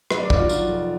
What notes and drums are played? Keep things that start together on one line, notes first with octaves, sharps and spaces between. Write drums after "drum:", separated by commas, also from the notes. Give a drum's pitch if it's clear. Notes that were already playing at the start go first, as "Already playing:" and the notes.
F#3 B4, drum: rim click
D5
D#3 D5, drum: kick
F4
F#4
F#3 F4, drum: tambourine
F2